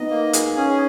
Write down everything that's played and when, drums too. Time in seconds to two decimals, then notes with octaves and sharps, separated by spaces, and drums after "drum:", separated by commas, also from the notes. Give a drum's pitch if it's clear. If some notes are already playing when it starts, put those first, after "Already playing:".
Already playing: B3 D#4 D#5
0.10 A#3
0.33 G#4, drum: hi-hat
0.57 C#4